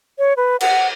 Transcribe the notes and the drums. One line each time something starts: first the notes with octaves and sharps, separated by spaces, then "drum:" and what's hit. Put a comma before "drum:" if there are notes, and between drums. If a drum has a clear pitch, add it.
C#5
B4
F#5, drum: cymbal